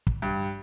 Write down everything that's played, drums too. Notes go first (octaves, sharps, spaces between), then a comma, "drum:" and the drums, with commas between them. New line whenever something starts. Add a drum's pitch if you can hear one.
drum: kick
G2